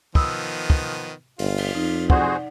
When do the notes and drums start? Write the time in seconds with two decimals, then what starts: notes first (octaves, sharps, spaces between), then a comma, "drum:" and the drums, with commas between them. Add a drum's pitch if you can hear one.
0.15 D#3 F3 B3 B5 D#6 E6, drum: kick
0.70 drum: kick
1.39 G1 F4, drum: open hi-hat
1.58 drum: cymbal
1.75 F2 D#4
2.10 F#4 G#4 C5 D5 F#5, drum: kick